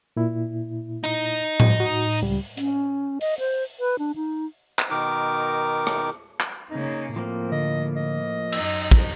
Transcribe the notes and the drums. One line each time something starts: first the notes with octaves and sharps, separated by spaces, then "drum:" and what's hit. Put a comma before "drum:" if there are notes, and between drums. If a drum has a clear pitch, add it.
A#2 E4
D#4 D#5
drum: tom A2
F#4
drum: open hi-hat
C#2 G3
C#4, drum: hi-hat
D#5, drum: open hi-hat
C5
B4
D4
D#4
drum: clap
B2 D#3 D#4 A#4 D6
drum: rim click
drum: clap
C#3 A#3 D#4
A2 F3 A#3 C4
D3 D#5
D#5
F#2 D#4 E6, drum: cymbal
drum: kick